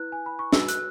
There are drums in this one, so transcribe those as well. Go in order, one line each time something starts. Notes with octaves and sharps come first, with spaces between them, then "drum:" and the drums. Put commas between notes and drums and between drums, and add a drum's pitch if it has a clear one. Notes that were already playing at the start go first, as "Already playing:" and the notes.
Already playing: E4 B4 F#6
G#5
B5
C#6
F#4 B4 E6, drum: snare
F#6, drum: hi-hat